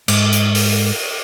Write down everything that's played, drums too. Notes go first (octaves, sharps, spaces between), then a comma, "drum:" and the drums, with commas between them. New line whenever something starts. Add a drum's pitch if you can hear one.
G#2, drum: cymbal
drum: hi-hat
drum: open hi-hat